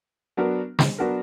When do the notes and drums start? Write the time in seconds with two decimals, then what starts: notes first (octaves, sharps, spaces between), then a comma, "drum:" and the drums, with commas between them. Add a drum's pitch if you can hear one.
0.37 F#3 B3 D4 F#4 A#4
0.79 drum: snare
0.99 F#3 B3 D4 F#4 A#4